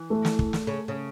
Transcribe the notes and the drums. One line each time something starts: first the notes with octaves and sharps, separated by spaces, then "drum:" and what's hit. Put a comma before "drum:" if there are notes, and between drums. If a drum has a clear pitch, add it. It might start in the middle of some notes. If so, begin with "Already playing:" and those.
Already playing: E3
A3
drum: snare
drum: kick
drum: snare
C#3
C#3